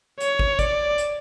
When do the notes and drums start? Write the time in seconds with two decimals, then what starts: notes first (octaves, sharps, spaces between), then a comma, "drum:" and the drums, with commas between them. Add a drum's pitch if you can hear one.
0.20 C#5, drum: hi-hat
0.39 drum: kick
0.59 D5, drum: kick, hi-hat
0.98 drum: hi-hat